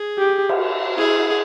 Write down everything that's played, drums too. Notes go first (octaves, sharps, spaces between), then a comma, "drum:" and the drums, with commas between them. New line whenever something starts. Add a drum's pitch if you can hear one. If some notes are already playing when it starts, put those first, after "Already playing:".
Already playing: G#4
G4
drum: cymbal
E4 G#4